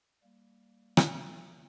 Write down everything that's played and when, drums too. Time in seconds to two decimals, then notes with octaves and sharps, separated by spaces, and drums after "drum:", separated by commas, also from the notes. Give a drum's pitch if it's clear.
0.23 G3 A#3
0.97 drum: rim click